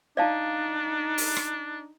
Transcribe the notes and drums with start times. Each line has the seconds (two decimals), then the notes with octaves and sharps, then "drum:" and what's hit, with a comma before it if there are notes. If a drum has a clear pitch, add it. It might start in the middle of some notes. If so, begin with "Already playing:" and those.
0.17 D4 D#4 D5 F5 A5
1.18 drum: open hi-hat
1.37 drum: rim click